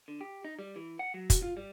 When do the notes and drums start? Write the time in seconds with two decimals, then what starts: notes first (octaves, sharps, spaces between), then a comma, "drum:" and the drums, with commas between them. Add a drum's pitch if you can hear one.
0.08 D3
0.21 G4
0.45 D#4
0.59 G3
0.76 E3
0.99 F#5
1.14 F#3
1.30 F#4, drum: kick, hi-hat
1.42 F4
1.57 G3